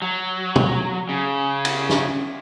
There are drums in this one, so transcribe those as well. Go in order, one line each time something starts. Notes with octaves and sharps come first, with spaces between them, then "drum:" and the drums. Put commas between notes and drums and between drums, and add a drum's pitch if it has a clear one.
F#3
drum: tom
C#3
drum: cymbal
drum: snare